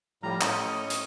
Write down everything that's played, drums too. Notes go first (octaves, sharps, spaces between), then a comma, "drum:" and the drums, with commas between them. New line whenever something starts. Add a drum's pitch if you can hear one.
A2 F3 G3 A#5
A2 C#4 D#5, drum: clap
drum: hi-hat